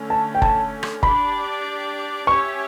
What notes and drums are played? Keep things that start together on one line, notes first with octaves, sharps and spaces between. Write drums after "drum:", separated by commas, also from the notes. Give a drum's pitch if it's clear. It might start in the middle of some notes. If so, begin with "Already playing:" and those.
Already playing: D3 A3 C#4
A5
G5
A5, drum: kick
drum: rim click
D4 G4 D5 B5, drum: kick
C#4 G4 C#5 E5 C#6